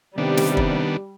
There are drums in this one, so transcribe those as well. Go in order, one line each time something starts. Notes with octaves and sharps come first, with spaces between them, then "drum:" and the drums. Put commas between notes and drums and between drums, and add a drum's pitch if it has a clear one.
C3 D#3 G3 B3 D4
drum: snare
drum: kick